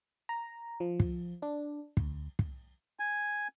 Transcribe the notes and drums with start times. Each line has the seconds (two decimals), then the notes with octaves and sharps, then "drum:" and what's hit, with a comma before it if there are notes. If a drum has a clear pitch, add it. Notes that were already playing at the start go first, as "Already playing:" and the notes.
0.29 A#5
0.80 F3
1.00 drum: kick
1.42 D4
1.97 D2, drum: kick
2.39 drum: kick
2.99 G#5